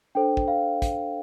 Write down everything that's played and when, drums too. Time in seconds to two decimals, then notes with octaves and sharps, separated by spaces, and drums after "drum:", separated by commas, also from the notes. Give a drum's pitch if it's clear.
0.15 D4 A4 C5 G5
0.37 drum: kick
0.48 F5
0.82 drum: kick, hi-hat